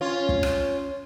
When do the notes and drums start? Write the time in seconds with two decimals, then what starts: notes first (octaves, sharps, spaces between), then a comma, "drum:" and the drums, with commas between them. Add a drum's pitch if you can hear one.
0.01 C#4 F4
0.29 drum: kick
0.43 drum: rim click